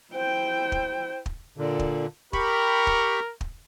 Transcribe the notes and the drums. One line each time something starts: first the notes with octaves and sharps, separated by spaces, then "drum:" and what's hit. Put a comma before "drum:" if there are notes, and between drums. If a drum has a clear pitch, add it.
E4 C5 G5
drum: kick
drum: kick
A#2 D3
drum: kick
G4 A#4 B5 C#6, drum: kick
drum: kick
drum: kick